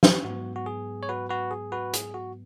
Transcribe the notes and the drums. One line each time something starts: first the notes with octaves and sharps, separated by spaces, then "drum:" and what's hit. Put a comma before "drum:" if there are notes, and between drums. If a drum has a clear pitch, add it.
drum: snare
G#2 F#3 B3 F#4
F#4
G#4
C#5
F#4 B4
F#4 B4
G#4
F#4 B4
G#4, drum: hi-hat
F#4